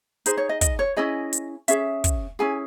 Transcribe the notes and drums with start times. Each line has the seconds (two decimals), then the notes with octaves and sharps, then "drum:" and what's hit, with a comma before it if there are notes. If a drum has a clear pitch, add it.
0.26 D#4 G#4 C5, drum: hi-hat
0.37 C#5
0.49 D#5
0.61 D#5, drum: kick, hi-hat
0.79 C#5
0.96 C#4 E4 G#4 D#5
1.33 drum: hi-hat
1.68 C#4 G#4 E5, drum: hi-hat
2.04 drum: kick, hi-hat
2.39 C#4 E4 G#4 G#5